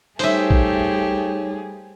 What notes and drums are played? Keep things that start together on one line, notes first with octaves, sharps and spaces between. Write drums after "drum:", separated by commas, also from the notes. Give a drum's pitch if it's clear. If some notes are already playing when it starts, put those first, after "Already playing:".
G3 A3 D#4 G4 G#4 C5 C#5 E5, drum: open hi-hat
drum: kick